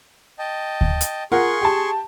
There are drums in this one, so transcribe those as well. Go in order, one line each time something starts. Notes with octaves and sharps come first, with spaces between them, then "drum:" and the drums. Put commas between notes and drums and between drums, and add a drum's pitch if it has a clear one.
D#5 G5 A5
drum: kick D2
drum: hi-hat
F4 G#4 A#4 F#5 C6 C#6
G4 A5